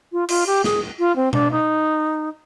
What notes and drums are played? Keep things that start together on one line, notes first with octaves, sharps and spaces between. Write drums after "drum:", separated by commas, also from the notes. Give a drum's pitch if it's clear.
F4
F4, drum: cymbal
G4
G#4, drum: snare
F4
C4
D4, drum: tom B2
D#4